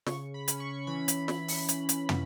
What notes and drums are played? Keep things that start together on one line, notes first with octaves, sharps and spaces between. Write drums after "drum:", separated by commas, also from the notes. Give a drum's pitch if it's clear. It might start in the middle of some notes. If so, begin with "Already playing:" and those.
C#3 C#6, drum: snare
B5
C#4, drum: hi-hat
C#6
E3 B5
drum: hi-hat
drum: snare
drum: open hi-hat
drum: hi-hat
drum: hi-hat
drum: tom